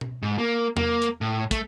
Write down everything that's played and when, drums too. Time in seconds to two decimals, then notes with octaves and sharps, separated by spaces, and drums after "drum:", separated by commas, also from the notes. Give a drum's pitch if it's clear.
0.01 drum: tom B2
0.23 G#2
0.38 A#3
0.77 A#3, drum: tom E2
1.02 drum: hi-hat
1.21 A2
1.51 A3, drum: kick, hi-hat